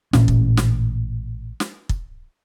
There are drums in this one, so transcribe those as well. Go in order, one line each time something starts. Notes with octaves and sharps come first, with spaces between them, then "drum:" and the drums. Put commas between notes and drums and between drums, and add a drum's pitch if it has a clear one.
A1 A#2 C#4, drum: snare
drum: kick
drum: snare
drum: snare
drum: kick